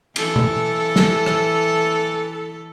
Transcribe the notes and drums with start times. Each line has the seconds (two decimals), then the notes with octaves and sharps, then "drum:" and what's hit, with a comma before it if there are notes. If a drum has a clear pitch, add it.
0.16 E3 A4, drum: cymbal
0.36 drum: tom B2
0.96 drum: snare
1.26 drum: rim click